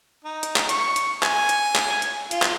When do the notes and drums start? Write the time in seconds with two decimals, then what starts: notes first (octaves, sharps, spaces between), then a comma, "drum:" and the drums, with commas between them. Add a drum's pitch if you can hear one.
0.24 D#4
0.43 drum: hi-hat
0.56 drum: clap
0.69 C#6, drum: hi-hat
0.96 drum: hi-hat
1.23 G#5, drum: clap
1.49 drum: hi-hat
1.76 drum: clap
2.02 drum: hi-hat
2.31 F4, drum: hi-hat
2.42 drum: clap